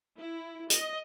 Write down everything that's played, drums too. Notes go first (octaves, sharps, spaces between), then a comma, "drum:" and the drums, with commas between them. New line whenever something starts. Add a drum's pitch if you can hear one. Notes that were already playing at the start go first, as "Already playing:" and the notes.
E4
D#5, drum: hi-hat